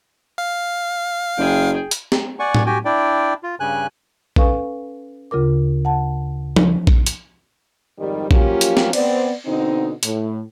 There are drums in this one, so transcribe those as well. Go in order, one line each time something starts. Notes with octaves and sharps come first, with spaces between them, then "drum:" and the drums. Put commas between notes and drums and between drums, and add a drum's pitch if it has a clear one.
F5
F#1 G#4 G5
drum: hi-hat
drum: snare
D5 F#5 G#5 C#6
drum: tom A2
F#4 G4 G5 G#5
D4 E4 D5 G5
F4
G2 C#3 G#5 F#6
C#4 A4 B4 F5 G#5 C#6, drum: kick A#1
D2 C#3 F4 A#4 D6
F#5 A5
drum: tom F3
drum: kick A#1
drum: hi-hat
F2 G#2 D#3 G3
F3 F#3 A#3 C#4 F4 G4, drum: kick A#1
drum: hi-hat
drum: snare
B3 C4 D5, drum: cymbal
B2 D3 C4 D#4
A2, drum: hi-hat